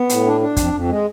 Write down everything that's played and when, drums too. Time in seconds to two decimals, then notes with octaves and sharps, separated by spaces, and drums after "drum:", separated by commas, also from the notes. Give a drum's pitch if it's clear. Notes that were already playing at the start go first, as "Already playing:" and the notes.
Already playing: B3
0.09 A2, drum: hi-hat
0.26 D4
0.41 D4
0.57 F2, drum: kick, hi-hat
0.73 F2
0.89 G#3